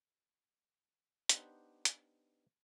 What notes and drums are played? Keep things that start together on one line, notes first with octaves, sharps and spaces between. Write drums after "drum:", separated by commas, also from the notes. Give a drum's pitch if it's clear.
B3 D4 D#4 G4 C5 F#5, drum: hi-hat
drum: hi-hat